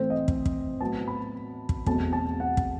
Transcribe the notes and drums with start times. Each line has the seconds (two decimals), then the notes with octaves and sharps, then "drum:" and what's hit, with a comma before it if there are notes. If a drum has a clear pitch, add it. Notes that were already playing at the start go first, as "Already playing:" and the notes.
Already playing: A2 E3 A3 C4 C5
0.10 D#5
0.28 drum: kick
0.46 drum: kick
0.81 A2 F#3 B3 A5
1.08 B5
1.69 drum: kick
1.86 E2 B2 F#3 A3 C4 A5, drum: kick
2.13 A5
2.40 F#5
2.57 drum: kick